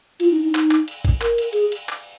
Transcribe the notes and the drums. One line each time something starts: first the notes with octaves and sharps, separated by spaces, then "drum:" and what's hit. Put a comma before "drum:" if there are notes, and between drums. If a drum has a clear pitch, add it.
F4, drum: cymbal
D#4
D#4
D#4, drum: clap
drum: clap
drum: cymbal
drum: kick G#1, cymbal
A#4, drum: clap
drum: cymbal
G#4, drum: cymbal
drum: cymbal
drum: clap